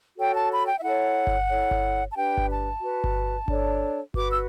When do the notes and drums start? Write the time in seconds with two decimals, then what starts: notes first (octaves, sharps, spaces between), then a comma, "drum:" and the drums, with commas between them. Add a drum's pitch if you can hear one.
0.16 F#4 A4 C#5 G5
0.32 A5
0.50 B5
0.66 G5
0.76 E5
0.83 E4 A4 C#5 F#5
1.27 drum: kick G1
1.49 E4 A4 C#5
1.71 drum: kick G1
2.10 A5
2.15 D4 G4 B4 G5
2.37 drum: kick G1
2.49 A5
2.81 F#4 B4
3.04 drum: kick G1
3.48 D4 A4 C#5, drum: kick G1
4.14 F#4 B4 D6, drum: kick G1
4.29 E6